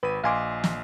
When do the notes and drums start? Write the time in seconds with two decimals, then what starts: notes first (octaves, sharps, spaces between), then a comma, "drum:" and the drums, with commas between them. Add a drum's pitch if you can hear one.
0.03 G#1 B4 B5 D#7
0.24 A#1 D#5 F5 G#5 C6 D6
0.64 drum: snare